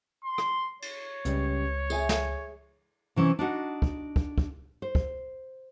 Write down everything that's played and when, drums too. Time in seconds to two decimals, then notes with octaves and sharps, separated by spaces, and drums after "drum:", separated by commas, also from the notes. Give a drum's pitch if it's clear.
0.24 C6
0.38 drum: rim click
0.82 C#5, drum: cymbal
1.25 C#2 C#3 G3, drum: hi-hat
1.90 G#4 E5 G#5, drum: tambourine
2.09 drum: snare
3.16 C3 E3 C#4
3.39 D4 D#4 F#4
3.82 drum: kick
4.16 drum: kick
4.38 drum: kick
4.82 C5
4.95 drum: kick